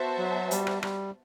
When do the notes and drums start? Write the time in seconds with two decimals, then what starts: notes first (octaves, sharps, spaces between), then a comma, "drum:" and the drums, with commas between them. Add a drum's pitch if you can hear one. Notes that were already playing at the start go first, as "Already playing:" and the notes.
Already playing: B3 F#4 C5 E5 A5
0.18 F#3
0.51 G3, drum: hi-hat
0.67 drum: rim click
0.83 G3, drum: rim click